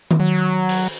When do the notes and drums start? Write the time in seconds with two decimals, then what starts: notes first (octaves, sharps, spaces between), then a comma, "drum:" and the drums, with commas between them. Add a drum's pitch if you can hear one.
0.11 drum: tom D#3
0.20 F#3
0.69 drum: cymbal